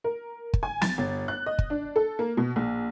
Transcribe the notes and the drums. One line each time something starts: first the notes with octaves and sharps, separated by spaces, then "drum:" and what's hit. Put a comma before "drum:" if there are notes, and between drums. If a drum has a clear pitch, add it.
A#4
drum: kick
G#5
A6, drum: snare
G1
F#6
D#5
drum: kick
D4
A4
A#3
B2
A#1